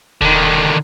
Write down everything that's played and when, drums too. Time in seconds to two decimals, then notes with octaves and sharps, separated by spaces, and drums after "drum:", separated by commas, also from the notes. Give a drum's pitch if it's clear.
0.21 D3 D#3, drum: kick D#1